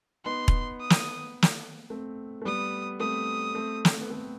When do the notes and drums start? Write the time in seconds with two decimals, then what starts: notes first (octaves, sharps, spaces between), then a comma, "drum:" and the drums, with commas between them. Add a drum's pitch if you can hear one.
0.25 B3 D#4 C6
0.48 drum: kick E1
0.80 D#6
0.90 drum: snare
1.42 drum: snare
1.90 A3 C4
2.42 A3
2.45 G3 B3 D#6
3.00 A3 C4 D#6
3.55 A3 C4
3.85 drum: snare
4.01 B3
4.10 A3 C4